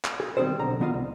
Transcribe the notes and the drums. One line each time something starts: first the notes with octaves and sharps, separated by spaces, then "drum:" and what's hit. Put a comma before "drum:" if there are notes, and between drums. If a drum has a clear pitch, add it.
drum: clap
G#4
D#3 G3 C4 G#4 A4 C5
B1 D3 A#5
D#3 B3 F4 D#5 F5
C2